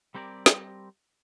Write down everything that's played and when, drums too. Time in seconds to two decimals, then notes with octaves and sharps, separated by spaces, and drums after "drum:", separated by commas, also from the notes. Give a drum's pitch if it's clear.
0.15 G3 C4 G4 A#4 D5
0.46 drum: snare